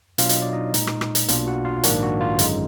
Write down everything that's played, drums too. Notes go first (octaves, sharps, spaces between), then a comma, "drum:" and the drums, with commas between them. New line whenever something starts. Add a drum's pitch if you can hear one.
B2 F#3 D4 F4 F5, drum: hi-hat
D#5, drum: hi-hat
D5
D#4 D#5
A#2 G#3 D#4, drum: hi-hat
drum: rim click
drum: rim click
drum: hi-hat
B1 B2 A#3 D4 F4 F5, drum: hi-hat
F#4 F#5
F4 F5
A#1 G#2 D#3 A#3 D4 F#4, drum: hi-hat
F#4
F4
G#1 F#2 D3 G#3 D#4 F4, drum: hi-hat